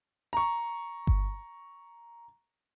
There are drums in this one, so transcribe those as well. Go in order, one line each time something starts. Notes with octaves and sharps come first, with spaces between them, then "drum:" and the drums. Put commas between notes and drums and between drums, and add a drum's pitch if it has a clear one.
A#5 C#6
drum: kick G1